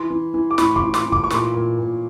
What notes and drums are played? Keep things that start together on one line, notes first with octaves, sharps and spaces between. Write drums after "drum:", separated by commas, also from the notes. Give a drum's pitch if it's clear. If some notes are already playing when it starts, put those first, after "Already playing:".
Already playing: E3 C6
E3
E3
D6
A2 B5 C#6, drum: snare
C6 D6, drum: kick
E3
C6 D6, drum: snare
E3
D6, drum: kick
C#6
A#2 C6 D6, drum: snare
A#2
A#2